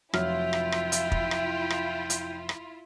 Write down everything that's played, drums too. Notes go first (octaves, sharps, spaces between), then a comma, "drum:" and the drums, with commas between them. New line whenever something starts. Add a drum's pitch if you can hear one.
F1 F#3 E4 F4 E5 G5 F6, drum: rim click
drum: rim click
drum: rim click
drum: hi-hat
drum: kick
drum: rim click
drum: rim click
drum: hi-hat
drum: rim click